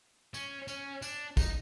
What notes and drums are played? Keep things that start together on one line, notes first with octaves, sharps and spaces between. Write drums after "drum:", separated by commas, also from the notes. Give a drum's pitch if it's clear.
C#4, drum: tambourine
C#4, drum: tambourine
D4, drum: tambourine
D#4, drum: kick, tambourine